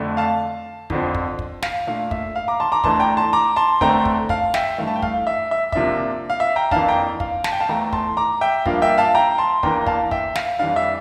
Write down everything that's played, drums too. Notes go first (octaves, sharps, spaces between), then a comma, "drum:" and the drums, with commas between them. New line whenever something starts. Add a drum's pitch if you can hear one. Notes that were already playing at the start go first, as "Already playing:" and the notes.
Already playing: F2 D3 A3 D4
F5 A5
F2 D3 F3 C4, drum: kick
drum: kick
drum: kick
F5, drum: snare
A#2 A3 D4 F5
E5, drum: kick
F5
A#5 D6
A5 C6
A#5 D6
E2 E3 A3 D4 A5 C6, drum: kick
G5 A#5
A5 C6
A#5 D6
A5 C6
E2 D3 A3 C4 G5 A#5, drum: kick
drum: kick
F5 A5, drum: kick
E5 G5, drum: snare
G2 E3 A3 F5
A5
G5
F5, drum: kick
E5
E5
C3 F3 A#3 D4 E5, drum: kick
F5
E5
G5 A#5
F2 E3 A#3 D4 F5 A5, drum: kick
G5 A#5
F5, drum: kick
A5, drum: snare
G5
F5 A5
E2 E3 A3 G5 A#5
A5 C6, drum: kick
A#5 D6
E5 G5
G2 F3 A#3 D4 F5, drum: kick
E5 G5
F5 A5
G5 A#5
A5 C6
E2 E3 A#3 D4 G5 A#5, drum: kick
F5 A5, drum: kick
E5 G5, drum: kick
F5, drum: snare
F2 E3 G3 D4 F5
E5